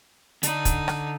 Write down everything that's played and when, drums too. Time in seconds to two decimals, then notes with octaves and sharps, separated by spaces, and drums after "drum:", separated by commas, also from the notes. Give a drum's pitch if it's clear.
0.43 D3 D#4 D5, drum: hi-hat
0.65 drum: kick, hi-hat
0.88 drum: rim click